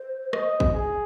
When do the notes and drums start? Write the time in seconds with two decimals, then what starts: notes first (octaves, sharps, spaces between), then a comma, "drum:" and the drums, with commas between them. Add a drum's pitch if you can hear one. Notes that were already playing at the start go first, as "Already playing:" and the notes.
Already playing: C5
0.33 D#5, drum: rim click
0.60 drum: kick
0.73 G#4